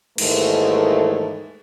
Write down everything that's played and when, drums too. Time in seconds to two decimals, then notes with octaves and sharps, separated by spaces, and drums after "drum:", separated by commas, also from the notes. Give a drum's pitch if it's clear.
0.18 D#2 G#2 E3 G#3 A3 A#4, drum: cymbal